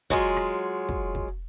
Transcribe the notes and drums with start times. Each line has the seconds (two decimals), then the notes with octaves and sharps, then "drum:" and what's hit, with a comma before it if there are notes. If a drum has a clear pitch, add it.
0.10 F#3 G#3 F4, drum: kick
0.36 drum: rim click
0.89 drum: kick
1.15 drum: kick